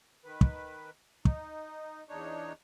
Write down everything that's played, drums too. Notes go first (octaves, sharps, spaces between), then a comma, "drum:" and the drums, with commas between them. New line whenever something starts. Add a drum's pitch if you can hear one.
D#3 B4
drum: kick
D#4, drum: kick
E2 D4 D#4 C#5